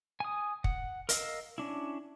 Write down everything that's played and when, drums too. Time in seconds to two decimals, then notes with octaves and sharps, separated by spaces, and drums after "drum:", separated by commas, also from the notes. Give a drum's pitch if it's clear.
0.20 G#5 D#6
0.64 F#5, drum: kick
1.09 A#4 D#5 F5 E6, drum: hi-hat
1.58 C#4 D4 E4